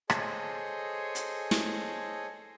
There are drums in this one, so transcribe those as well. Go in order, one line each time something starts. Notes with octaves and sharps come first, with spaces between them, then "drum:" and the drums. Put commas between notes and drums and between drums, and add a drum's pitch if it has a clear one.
G#4 A4 C5 C#5 D#5, drum: rim click
drum: hi-hat
drum: snare